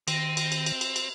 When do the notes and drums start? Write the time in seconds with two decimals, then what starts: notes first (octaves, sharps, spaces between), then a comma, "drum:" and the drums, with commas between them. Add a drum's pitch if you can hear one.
0.08 D#3 C4, drum: cymbal
0.37 drum: cymbal
0.52 drum: cymbal
0.66 drum: cymbal
0.81 drum: cymbal
0.96 drum: cymbal